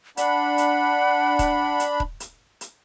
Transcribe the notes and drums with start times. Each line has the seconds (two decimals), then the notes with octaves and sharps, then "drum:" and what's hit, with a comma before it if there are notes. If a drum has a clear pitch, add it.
0.17 D4 F#5 B5, drum: hi-hat
0.58 drum: hi-hat
1.39 drum: kick D#1, hi-hat
1.80 drum: hi-hat
2.00 drum: kick D#1
2.20 drum: hi-hat
2.61 drum: hi-hat